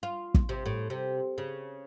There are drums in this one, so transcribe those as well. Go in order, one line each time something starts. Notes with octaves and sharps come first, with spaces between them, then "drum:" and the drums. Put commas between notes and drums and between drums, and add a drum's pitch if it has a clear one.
F4
drum: kick
C3
A2
C3
C#3